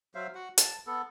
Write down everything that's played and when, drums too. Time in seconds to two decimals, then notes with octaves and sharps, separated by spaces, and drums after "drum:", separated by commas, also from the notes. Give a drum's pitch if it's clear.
0.15 F#3 C5 E5 F5
0.35 F#4 F#5
0.58 A5, drum: hi-hat
0.87 B3 A4